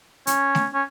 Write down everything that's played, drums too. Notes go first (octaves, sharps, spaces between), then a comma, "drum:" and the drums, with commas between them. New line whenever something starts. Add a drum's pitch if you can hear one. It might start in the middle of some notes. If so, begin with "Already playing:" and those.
C#4, drum: hi-hat
drum: snare A3
C#4